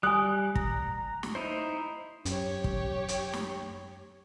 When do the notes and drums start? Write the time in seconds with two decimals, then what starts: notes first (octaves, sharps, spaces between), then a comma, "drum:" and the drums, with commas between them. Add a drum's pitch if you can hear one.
0.03 G3 G#5 D#6 F#6
0.55 A#5, drum: kick
1.23 drum: snare
1.35 D#4 E4 C5
2.25 F#2 G4 C#5, drum: hi-hat
2.64 drum: kick
3.08 drum: hi-hat
3.33 drum: snare